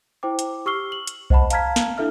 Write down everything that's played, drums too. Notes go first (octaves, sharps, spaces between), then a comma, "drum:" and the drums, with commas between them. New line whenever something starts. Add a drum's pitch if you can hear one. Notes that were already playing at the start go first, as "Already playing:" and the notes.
E4 C5 G5 D6
drum: hi-hat
G4 C#6 E6 F6 C7 G7
F#7
drum: hi-hat
C5 D#5 F#5 A5 B5, drum: kick B1
F5 A5 A#5 F6 G#6 B6, drum: hi-hat
drum: snare
D4 E4 A4 E5 F6